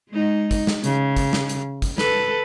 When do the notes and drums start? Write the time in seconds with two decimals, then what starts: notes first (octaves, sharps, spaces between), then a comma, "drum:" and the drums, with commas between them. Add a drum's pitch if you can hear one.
0.10 G#3 D#4
0.51 drum: kick, hi-hat
0.67 drum: snare
0.84 C#3, drum: hi-hat
1.17 drum: kick, hi-hat
1.33 drum: snare
1.49 drum: hi-hat
1.82 drum: kick, hi-hat
1.98 A4 B4, drum: snare